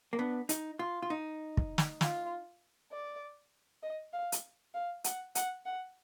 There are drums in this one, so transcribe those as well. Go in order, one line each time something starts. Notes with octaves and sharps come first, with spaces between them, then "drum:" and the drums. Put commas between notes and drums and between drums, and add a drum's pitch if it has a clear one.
A#3
B3 D4
D#4, drum: hi-hat
F4
F4
D#4
drum: kick
drum: snare
F4, drum: snare
D5
D#5
F5
drum: hi-hat
F5
F#5, drum: hi-hat
F#5, drum: hi-hat
F#5